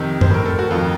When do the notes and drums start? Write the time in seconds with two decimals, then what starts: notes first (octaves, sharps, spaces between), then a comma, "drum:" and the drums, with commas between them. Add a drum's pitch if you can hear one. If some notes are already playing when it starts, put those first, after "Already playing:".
Already playing: F2 C3 D#3
0.21 C5, drum: tom F#2
0.30 A2 A#4
0.46 A4
0.59 F#4
0.71 F2 D#3 F4